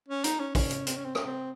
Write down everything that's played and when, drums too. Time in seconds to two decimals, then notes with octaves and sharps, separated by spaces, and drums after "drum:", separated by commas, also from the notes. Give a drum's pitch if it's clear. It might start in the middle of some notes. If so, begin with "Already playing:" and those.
0.08 C#4
0.24 D#4, drum: hi-hat
0.40 C#4
0.55 C#4, drum: kick, open hi-hat
0.71 drum: hi-hat
0.87 C4, drum: hi-hat
0.96 C#4
1.05 C4
1.15 C#4, drum: rim click
1.25 C4